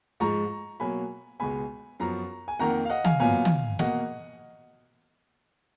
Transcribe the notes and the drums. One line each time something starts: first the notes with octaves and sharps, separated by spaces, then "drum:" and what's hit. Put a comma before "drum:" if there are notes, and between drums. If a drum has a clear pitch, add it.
G#2 F3 G#3 A#5 C#6
B2 F#3 A#3 G#5 B5
C#2 B2 G#3 B3 G#5 B5
F#2 F3 B3 A#5 C#6
G#5
F2 D#3 A#3 F#5 A#5
F5
D#5 F#5
F5 G#5, drum: tom
A#2 F#3 B3 F5 G#5
drum: tom
B2 A#3 D#5 F#5, drum: snare